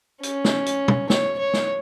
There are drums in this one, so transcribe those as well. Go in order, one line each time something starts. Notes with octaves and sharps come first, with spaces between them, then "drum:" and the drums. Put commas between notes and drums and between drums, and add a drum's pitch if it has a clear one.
C#4, drum: hi-hat
drum: snare
drum: hi-hat
drum: tom
C#5, drum: snare
C#5
drum: snare